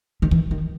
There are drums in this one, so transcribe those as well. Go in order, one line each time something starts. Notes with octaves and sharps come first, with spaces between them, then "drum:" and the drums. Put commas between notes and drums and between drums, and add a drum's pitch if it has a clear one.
D#3
E3, drum: kick
D#3